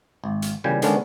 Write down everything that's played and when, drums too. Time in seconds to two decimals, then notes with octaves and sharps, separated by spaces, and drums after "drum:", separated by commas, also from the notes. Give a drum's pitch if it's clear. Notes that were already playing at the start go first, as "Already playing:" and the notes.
0.24 G#1
0.42 drum: hi-hat
0.64 E2 A#2 C#3 G3 G5 G#5
0.82 D3 D#3 G#3 B3 C#4 D4, drum: hi-hat